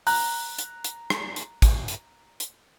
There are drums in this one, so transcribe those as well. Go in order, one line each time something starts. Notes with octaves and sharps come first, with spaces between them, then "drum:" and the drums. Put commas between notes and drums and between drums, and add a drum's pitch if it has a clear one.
A#5 F#6, drum: open hi-hat
drum: hi-hat
drum: hi-hat
drum: rim click
drum: hi-hat
drum: kick A1, hi-hat
drum: hi-hat
drum: hi-hat